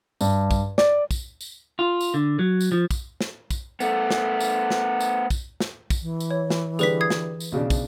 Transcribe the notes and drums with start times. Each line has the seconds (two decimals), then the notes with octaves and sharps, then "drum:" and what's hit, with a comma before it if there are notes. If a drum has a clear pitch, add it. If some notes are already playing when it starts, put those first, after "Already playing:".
0.21 G2, drum: tambourine
0.51 drum: kick, tambourine
0.78 D5, drum: snare
1.11 drum: kick, tambourine
1.41 drum: tambourine
1.79 F4
2.01 drum: tambourine
2.14 D3
2.39 F#3
2.61 drum: tambourine
2.72 F3
2.91 drum: kick, tambourine
3.21 drum: snare
3.51 drum: kick, tambourine
3.80 A3 B3, drum: tambourine
4.11 drum: snare
4.40 drum: tambourine
4.70 drum: snare
5.00 drum: tambourine
5.30 drum: kick, tambourine
5.60 drum: snare
5.90 drum: kick, tambourine
6.02 E3
6.20 drum: tambourine
6.31 C#5
6.50 drum: snare
6.79 D3 G3 G#4 B4 B6, drum: tambourine
7.01 D#6 G#6 C7
7.10 drum: snare
7.40 drum: tambourine
7.52 B1 C#3 D4
7.70 drum: kick, tambourine